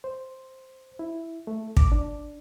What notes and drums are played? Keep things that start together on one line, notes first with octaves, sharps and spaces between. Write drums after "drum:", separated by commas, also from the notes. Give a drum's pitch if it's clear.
C5
E4
A3
D6, drum: kick
D4